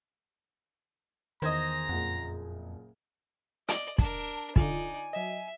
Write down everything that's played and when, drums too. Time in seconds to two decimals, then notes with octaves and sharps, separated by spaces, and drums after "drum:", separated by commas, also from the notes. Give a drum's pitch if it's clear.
1.42 E2 D#3 C5 D#5 A#5 G#6
1.89 F#1 F2 A#2 F#5
3.68 D5 D#5, drum: hi-hat
3.98 D4 A#4 A5, drum: kick
4.56 D3 D#4 F4 D5 G#5, drum: kick
5.13 F#3 D#5 E5